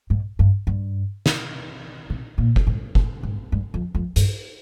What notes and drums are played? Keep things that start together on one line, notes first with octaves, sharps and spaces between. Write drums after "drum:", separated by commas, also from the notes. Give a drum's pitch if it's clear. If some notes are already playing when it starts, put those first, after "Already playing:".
G#2
G2
G2
drum: snare
C3
A#2
drum: kick F#1
G#2
G#2, drum: kick F#1
G#2
G2
F2
F2
G2, drum: hi-hat